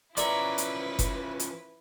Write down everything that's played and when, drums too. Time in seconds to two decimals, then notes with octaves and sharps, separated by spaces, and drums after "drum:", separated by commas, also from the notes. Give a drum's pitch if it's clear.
0.17 F3 C#4 E4 A#4 B4 D5 E5 A#5, drum: hi-hat
0.58 drum: hi-hat
0.99 drum: kick F#1, hi-hat
1.39 drum: hi-hat